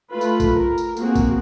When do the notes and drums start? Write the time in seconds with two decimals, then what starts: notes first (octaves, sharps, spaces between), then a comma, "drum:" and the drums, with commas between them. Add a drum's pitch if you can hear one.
0.11 A3 F4 B4
0.21 drum: tambourine
0.40 drum: kick A1, tambourine
0.53 A#4
0.78 drum: tambourine
0.97 A#3 C4 F#4 G#4, drum: tambourine
1.15 drum: kick A1, tambourine